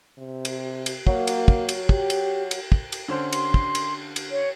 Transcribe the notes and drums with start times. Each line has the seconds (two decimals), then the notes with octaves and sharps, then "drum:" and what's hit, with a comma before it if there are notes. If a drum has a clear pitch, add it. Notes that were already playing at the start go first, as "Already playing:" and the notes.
0.18 C3
0.45 drum: cymbal
0.86 drum: cymbal
1.07 F#3 A#3, drum: kick
1.27 drum: cymbal
1.48 drum: kick
1.69 drum: cymbal
1.89 G4, drum: kick
2.10 drum: cymbal
2.51 drum: cymbal
2.72 drum: kick
2.92 drum: cymbal
3.08 D3 C#4 C5
3.33 C6, drum: cymbal
3.54 drum: kick
3.75 drum: cymbal
4.16 drum: cymbal
4.31 C#5